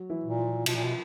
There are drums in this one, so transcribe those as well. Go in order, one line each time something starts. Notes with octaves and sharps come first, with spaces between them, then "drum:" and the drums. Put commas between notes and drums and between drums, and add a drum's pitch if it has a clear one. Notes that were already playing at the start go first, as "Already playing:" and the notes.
Already playing: F#3 F#4
E3 E4
A#2
F3 F4
B2 F3 F4, drum: cymbal
A#2
B2